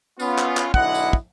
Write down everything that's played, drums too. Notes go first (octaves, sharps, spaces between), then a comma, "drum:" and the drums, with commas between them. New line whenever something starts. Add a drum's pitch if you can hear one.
B3 C#4 F4, drum: tambourine
drum: clap
drum: clap
B1 D3 E4 D#5 F#5, drum: kick
drum: tambourine
drum: kick